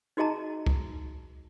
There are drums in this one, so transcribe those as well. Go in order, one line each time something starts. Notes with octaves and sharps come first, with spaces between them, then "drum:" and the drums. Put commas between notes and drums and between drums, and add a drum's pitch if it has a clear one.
D#4 F#4 G#4 D#5 A5 A#5
drum: kick C2